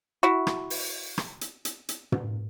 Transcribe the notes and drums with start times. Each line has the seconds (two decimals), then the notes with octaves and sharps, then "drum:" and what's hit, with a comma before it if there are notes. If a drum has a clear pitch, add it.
0.23 E4 F#4
0.47 drum: rim click
0.70 drum: open hi-hat
1.18 drum: rim click
1.41 drum: hi-hat
1.65 drum: hi-hat
1.89 drum: hi-hat
2.12 drum: tom